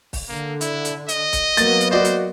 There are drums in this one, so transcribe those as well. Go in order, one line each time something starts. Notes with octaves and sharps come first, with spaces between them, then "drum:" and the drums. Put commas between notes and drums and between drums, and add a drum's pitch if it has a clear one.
drum: kick, open hi-hat
D3 A#3
E4, drum: hi-hat
drum: hi-hat
D#5, drum: hi-hat
drum: kick, hi-hat
F#3 A#3 B3 A6, drum: hi-hat
drum: hi-hat
F#4 C5 D5 D#5
drum: hi-hat